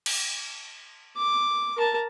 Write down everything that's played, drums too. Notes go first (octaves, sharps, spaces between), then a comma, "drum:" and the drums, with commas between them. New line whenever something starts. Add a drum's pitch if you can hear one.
drum: cymbal
D6
A#4 A5